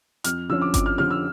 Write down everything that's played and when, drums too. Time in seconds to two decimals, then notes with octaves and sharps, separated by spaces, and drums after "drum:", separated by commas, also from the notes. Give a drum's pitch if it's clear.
0.24 F2 F6, drum: hi-hat
0.49 D3 F3 C#4 E6
0.62 D6
0.74 F2 D6, drum: kick G1, hi-hat
0.86 F6
0.98 D3 F3 C#4 F6
1.11 E6